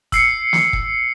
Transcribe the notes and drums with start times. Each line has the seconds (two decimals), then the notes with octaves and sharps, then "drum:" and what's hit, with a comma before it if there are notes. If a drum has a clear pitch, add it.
0.12 E6 C7 C#7, drum: kick, hi-hat
0.53 drum: snare
0.73 drum: kick